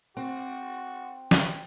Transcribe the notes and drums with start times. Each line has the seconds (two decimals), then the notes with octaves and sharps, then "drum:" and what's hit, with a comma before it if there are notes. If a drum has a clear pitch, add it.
0.17 C4 F#4
1.31 drum: snare